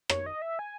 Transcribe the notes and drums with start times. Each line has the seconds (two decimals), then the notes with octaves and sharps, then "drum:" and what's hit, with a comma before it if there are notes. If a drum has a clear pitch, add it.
0.10 C#5, drum: rim click
0.26 D#5
0.42 E5
0.59 G#5